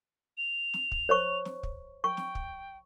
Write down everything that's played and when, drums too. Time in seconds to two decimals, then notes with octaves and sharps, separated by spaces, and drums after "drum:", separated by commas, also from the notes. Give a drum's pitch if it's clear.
0.38 F7
0.74 drum: snare
0.92 drum: kick
1.09 C5 C#5 C#6
1.45 drum: snare
1.63 drum: kick
2.04 G5 C#6
2.17 drum: snare
2.35 drum: kick